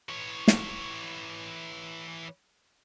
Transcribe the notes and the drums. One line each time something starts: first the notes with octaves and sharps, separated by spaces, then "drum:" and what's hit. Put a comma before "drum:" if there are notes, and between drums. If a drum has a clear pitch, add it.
E3 C#5
drum: snare